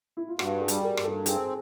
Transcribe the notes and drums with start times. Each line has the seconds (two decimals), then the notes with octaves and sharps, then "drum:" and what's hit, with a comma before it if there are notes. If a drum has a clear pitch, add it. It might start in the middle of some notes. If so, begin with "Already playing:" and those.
0.17 E4
0.28 F4
0.39 G2 F#4, drum: rim click
0.60 G#4
0.68 G3, drum: hi-hat
0.83 A#4
0.97 G2, drum: rim click
1.04 A4
1.26 C4 G#4, drum: hi-hat